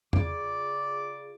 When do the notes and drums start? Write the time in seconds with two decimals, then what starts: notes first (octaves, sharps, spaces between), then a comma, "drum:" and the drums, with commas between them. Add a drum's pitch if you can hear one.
0.13 C#3 F4 G#4 D5 D6, drum: tom E2